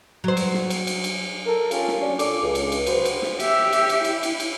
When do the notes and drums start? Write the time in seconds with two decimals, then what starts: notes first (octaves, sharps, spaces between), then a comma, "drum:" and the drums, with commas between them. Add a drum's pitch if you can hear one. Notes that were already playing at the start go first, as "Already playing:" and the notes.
0.24 F#3 C5
0.37 drum: cymbal
0.54 drum: snare
0.70 drum: cymbal
0.87 drum: cymbal
1.04 drum: cymbal
1.46 A4 A#4
1.71 C#4 F4 G4 F5 G#5 A5, drum: cymbal
1.88 drum: snare
2.00 F#3 C#4 D4
2.19 A#2 D4 A4 D6, drum: cymbal
2.43 C#2
2.55 drum: cymbal
2.72 drum: cymbal
2.87 C3 F#3 F#4 B4 C5, drum: cymbal
3.05 drum: cymbal
3.22 drum: snare
3.40 G4 E5, drum: cymbal
3.73 drum: cymbal
3.89 drum: cymbal
4.04 E4, drum: cymbal
4.23 drum: cymbal
4.40 drum: cymbal